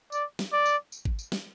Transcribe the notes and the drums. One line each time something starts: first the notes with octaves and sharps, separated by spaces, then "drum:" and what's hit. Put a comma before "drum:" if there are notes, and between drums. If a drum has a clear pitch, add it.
D5, drum: tambourine
drum: snare
D5
drum: tambourine
drum: tambourine
drum: kick G#1
drum: tambourine
drum: snare